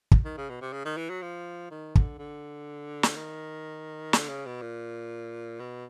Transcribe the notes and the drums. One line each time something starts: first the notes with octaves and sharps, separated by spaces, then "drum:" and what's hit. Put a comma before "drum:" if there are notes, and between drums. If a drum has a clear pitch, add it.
drum: kick
D#3
C#3
B2
C3
C#3
D#3
E3
F#3
F3
D#3
D3, drum: kick
D3
drum: snare
D#3
D3, drum: snare
C#3
B2
A#2
B2